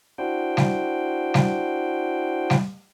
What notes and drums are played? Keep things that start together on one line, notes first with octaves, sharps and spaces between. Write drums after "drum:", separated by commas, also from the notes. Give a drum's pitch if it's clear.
D4 E4 F#4 C5 G5
drum: snare G3
drum: snare G3
drum: snare G3